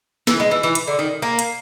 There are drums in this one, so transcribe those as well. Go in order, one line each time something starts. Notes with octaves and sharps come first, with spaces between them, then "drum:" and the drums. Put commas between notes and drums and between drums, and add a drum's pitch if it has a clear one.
E3, drum: snare
G#3
E3
E3
drum: hi-hat
D3
D#3
A#3
drum: hi-hat